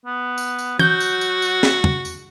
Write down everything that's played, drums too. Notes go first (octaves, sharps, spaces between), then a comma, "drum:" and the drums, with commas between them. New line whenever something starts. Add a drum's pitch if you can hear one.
B3
drum: tambourine
drum: tambourine
F#3 F#4 G6, drum: tom
drum: tambourine
drum: tambourine
drum: tambourine
drum: snare
drum: tom
drum: tambourine